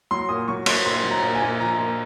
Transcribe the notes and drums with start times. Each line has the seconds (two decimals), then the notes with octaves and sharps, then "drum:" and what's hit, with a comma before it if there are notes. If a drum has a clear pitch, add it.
0.11 F#3 C6
0.29 A#2 D#6
0.48 F#3 C#6
0.66 F#3 C6, drum: cymbal
0.85 A#2 C6
1.03 F#3
1.11 A#5
1.22 A#2
1.35 G#5
1.42 A#2
1.60 F3 A#5
1.78 A#2